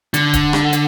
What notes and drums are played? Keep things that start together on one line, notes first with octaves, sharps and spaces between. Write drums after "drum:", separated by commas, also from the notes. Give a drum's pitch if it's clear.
D3, drum: hi-hat
drum: kick D1, hi-hat
drum: rim click
drum: hi-hat